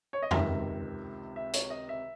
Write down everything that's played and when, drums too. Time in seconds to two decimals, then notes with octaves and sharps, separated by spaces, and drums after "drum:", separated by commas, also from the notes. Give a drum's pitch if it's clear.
0.13 C#5
0.22 D#5
0.31 C#2 C3 D#3 E5, drum: tom F2
1.36 E5
1.53 C#5, drum: hi-hat
1.70 D#5
1.89 E5